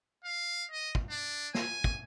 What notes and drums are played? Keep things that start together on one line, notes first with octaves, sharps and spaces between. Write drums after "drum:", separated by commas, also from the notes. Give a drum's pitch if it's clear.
F5
D#5
drum: kick
D4
G#5, drum: snare
drum: kick